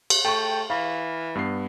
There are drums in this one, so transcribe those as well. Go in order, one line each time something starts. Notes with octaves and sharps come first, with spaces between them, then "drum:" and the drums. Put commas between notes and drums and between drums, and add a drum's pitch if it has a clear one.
drum: cymbal
A3 G5 C#6
E3 F5
G2 B3 C7